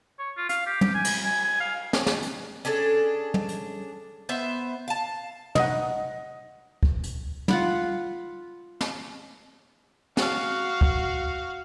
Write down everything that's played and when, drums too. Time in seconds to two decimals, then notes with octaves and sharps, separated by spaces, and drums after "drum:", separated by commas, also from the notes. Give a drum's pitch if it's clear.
0.19 C#5
0.37 F4
0.49 F5, drum: hi-hat
0.66 G4
0.81 G4, drum: tom
0.95 G#5
1.04 drum: cymbal
1.25 G#5
1.44 G#5
1.60 F5
1.93 drum: snare
2.07 drum: snare
2.22 drum: hi-hat
2.65 C#4 D4 G#4 A4
3.34 drum: tom
3.49 drum: hi-hat
4.29 B3 C5 E5
4.88 F5 A5
5.55 D#5 F#5, drum: tom
6.83 drum: kick
7.04 drum: hi-hat
7.48 F4 F#5 B5, drum: tom
8.81 drum: snare
10.17 F#4 F5, drum: snare
10.81 drum: kick